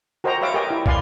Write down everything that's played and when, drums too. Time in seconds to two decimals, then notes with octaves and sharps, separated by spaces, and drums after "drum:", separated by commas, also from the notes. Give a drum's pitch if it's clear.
0.24 F#4 A#4 C5 D#5 G5 A#5
0.42 B4 C#5 E5 F5 D6
0.54 G4 A#4 D#5 G5 G#5
0.70 E4
0.86 B4 D5 F5 G#5 C6, drum: kick